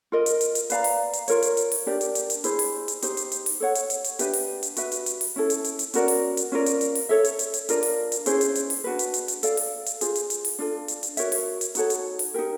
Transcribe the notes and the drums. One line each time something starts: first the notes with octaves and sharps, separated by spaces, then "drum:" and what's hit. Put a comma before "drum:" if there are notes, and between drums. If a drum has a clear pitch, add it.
F4 A#4 D#5
drum: hi-hat
drum: hi-hat
drum: hi-hat
B4 D5 F5 A#5, drum: hi-hat
drum: open hi-hat
drum: hi-hat
F4 A#4 C#5, drum: hi-hat
drum: hi-hat
drum: hi-hat
drum: open hi-hat
D4 G4 A#4 D5
drum: hi-hat
drum: hi-hat
drum: hi-hat
E4 G#4 C5, drum: hi-hat
drum: open hi-hat
drum: hi-hat
D#4 G4 C5, drum: hi-hat
drum: hi-hat
drum: hi-hat
drum: open hi-hat
A4 C#5 F#5
drum: hi-hat
drum: hi-hat
drum: hi-hat
D4 G4 B4 E5, drum: hi-hat
drum: open hi-hat
drum: hi-hat
F#4 B4 E5, drum: hi-hat
drum: hi-hat
drum: hi-hat
drum: open hi-hat
C#4 E4 A4
drum: hi-hat
drum: hi-hat
drum: hi-hat
C#4 F#4 A#4 D5, drum: hi-hat
drum: open hi-hat
drum: hi-hat
C#4 F4 A#4 D5
drum: hi-hat
drum: hi-hat
drum: open hi-hat
A4 C#5 E5
drum: hi-hat
drum: hi-hat
drum: hi-hat
D4 F4 A#4 D5, drum: hi-hat
drum: open hi-hat
drum: hi-hat
C#4 E4 G#4 C5, drum: hi-hat
drum: hi-hat
drum: hi-hat
drum: open hi-hat
D4 F#4 B4
drum: hi-hat
drum: hi-hat
drum: hi-hat
A4 D5 F5, drum: hi-hat
drum: open hi-hat
drum: hi-hat
F4 G#4 C5, drum: hi-hat
drum: hi-hat
drum: hi-hat
drum: open hi-hat
D4 F4 A4
drum: hi-hat
drum: hi-hat
F#4 A#4 C#5 E5, drum: hi-hat
drum: open hi-hat
drum: hi-hat
D#4 F#4 A4 C#5, drum: hi-hat
drum: hi-hat
drum: open hi-hat
D#4 G4 A#4